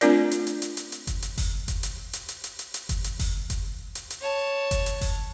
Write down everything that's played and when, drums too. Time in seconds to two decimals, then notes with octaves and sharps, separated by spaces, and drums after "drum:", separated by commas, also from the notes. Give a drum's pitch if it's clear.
0.01 A3 C4 D4 F4 A#4 D5, drum: hi-hat
0.31 drum: hi-hat
0.47 drum: hi-hat
0.62 drum: hi-hat
0.77 drum: hi-hat
0.92 drum: hi-hat
1.07 drum: kick F#1, hi-hat
1.22 drum: hi-hat
1.38 drum: kick F#1, open hi-hat
1.68 drum: kick F#1, hi-hat
1.83 drum: hi-hat
2.13 drum: hi-hat
2.29 drum: hi-hat
2.44 drum: hi-hat
2.59 drum: hi-hat
2.74 drum: hi-hat
2.89 drum: kick F#1, hi-hat
3.04 drum: hi-hat
3.19 drum: kick F#1, open hi-hat
3.50 drum: kick F#1, hi-hat
3.95 drum: hi-hat
4.10 drum: hi-hat
4.21 C#5 A5
4.71 drum: kick F#1, hi-hat
4.86 drum: hi-hat
5.01 drum: kick F#1, open hi-hat